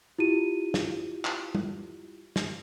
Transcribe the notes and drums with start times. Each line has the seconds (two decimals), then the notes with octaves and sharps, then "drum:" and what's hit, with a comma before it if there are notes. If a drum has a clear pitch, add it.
0.18 E4 F4 G4 D#7
0.74 drum: snare
1.25 drum: clap
1.55 drum: tom G3
2.36 drum: snare